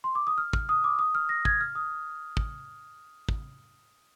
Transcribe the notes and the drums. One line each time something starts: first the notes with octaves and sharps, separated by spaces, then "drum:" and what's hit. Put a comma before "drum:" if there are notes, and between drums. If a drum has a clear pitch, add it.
C6
D6
D#6
F6
F6, drum: kick
D#6
D6
D#6
F6
A#6
G#6, drum: kick
F6
D#6
drum: kick
drum: kick